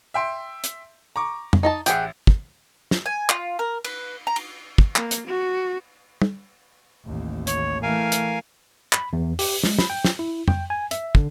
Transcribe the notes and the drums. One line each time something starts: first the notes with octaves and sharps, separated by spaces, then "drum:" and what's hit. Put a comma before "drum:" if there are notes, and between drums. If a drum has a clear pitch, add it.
E5 G5 C6
drum: hi-hat
A#5 C#6 D6
drum: tom F2
D#4 D#5 A5
A1 G4 G#4 E5 F#5, drum: hi-hat
drum: kick
drum: snare
G#5
F4, drum: clap
A#4
B4, drum: cymbal
A#5
drum: cymbal
drum: kick
A#3, drum: clap
drum: hi-hat
F#4
drum: tom
A1 D#2
C#5, drum: hi-hat
E3 A3 A#4 F5 G#5
drum: hi-hat
B5, drum: clap
E2
G4, drum: open hi-hat
G#3, drum: snare
B5, drum: snare
G5
drum: snare
E4
G5, drum: tom F2
G#5
E5, drum: hi-hat
D3, drum: kick